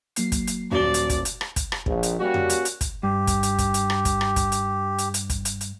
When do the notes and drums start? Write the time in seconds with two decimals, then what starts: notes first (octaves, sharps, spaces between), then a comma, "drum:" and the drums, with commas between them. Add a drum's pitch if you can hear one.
0.16 F#3 A#3 C7, drum: hi-hat
0.32 drum: kick, hi-hat
0.47 drum: hi-hat
0.72 D#1 F#4 D5 G7
0.94 drum: hi-hat
1.10 drum: kick, hi-hat
1.25 drum: hi-hat
1.41 drum: rim click
1.56 drum: kick, hi-hat
1.72 drum: rim click
1.86 A#1, drum: kick
2.03 drum: hi-hat
2.20 G3 A#3 C#4 F#4
2.34 drum: tom F2
2.50 drum: hi-hat
2.65 drum: hi-hat
2.81 drum: kick, hi-hat
3.03 G2 G4
3.27 drum: kick, hi-hat
3.43 drum: hi-hat
3.59 drum: kick, hi-hat
3.74 drum: hi-hat
3.90 drum: rim click
4.05 drum: kick, hi-hat
4.21 drum: rim click
4.36 drum: kick, hi-hat
4.52 drum: hi-hat
4.99 drum: hi-hat
5.14 drum: hi-hat
5.30 drum: kick, hi-hat
5.45 drum: hi-hat
5.61 drum: hi-hat